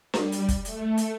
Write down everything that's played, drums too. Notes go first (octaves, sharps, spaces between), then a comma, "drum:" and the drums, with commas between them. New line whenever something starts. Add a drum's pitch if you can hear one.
G3, drum: snare D4
drum: hi-hat
drum: kick, hi-hat
A3, drum: hi-hat
drum: hi-hat